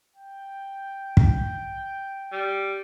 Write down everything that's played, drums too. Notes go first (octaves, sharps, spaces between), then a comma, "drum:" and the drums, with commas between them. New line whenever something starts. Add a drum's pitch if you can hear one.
G5
drum: kick
G3